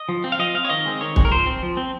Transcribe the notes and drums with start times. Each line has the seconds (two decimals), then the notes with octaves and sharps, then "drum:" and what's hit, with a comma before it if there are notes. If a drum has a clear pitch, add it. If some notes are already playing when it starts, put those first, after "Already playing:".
Already playing: D#5
0.09 F3
0.24 C4
0.32 F5
0.39 F3 D#5
0.55 C4 F5
0.65 C#5
0.70 D#3 D#5
0.85 G#3 C4
1.01 D#3 C#5
1.16 G#3 C4, drum: kick
1.25 A#4
1.31 F3 C5
1.46 C4
1.63 F3
1.77 C4